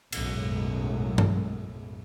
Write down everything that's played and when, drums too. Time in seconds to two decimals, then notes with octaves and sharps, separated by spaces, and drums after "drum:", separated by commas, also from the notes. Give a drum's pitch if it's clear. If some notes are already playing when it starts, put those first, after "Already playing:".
0.12 B1 F#2 A2 G#3, drum: cymbal
1.18 drum: tom G2